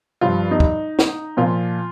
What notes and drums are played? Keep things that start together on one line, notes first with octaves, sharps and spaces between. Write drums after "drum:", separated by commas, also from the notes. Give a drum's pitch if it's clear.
G2 F3 F4
D#4
drum: kick
drum: snare
A#2 F3 F4